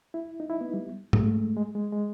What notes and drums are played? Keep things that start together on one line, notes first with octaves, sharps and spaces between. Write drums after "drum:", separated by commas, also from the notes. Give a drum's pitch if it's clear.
E4
D#4
E4
B3
G3
A3, drum: tom G#2
G#3
G#3
G#3
G#3